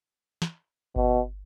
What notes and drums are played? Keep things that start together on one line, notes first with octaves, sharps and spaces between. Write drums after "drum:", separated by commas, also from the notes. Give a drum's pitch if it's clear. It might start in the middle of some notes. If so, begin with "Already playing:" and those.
drum: snare
B2, drum: kick G1